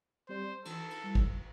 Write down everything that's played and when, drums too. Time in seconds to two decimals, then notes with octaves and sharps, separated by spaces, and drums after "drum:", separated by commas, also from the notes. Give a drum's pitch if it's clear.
0.28 G3 C4 G4 C5 D5
0.65 E3 A4, drum: cymbal
0.91 drum: cymbal
1.03 G3 E4
1.15 drum: kick G#1